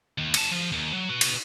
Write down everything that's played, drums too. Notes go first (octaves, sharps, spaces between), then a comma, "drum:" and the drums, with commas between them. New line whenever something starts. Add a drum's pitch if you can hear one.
D#2
C#4 A5, drum: cymbal
F3
D#2
F#3
F#4 B4
drum: cymbal